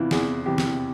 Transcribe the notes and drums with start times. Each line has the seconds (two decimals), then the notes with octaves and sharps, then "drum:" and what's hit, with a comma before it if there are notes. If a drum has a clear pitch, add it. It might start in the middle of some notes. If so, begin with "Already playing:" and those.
Already playing: E2 C3 E3 E4 F4
0.11 E2 G#4, drum: snare
0.46 C3 E3 G4
0.58 drum: snare